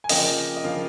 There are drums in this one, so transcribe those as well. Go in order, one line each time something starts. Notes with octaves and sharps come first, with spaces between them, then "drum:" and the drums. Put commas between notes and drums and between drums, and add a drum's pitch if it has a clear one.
G#5
C#3 F3 A#3 D#5 G5, drum: open hi-hat
D#5
C#3 F3 A#3 F5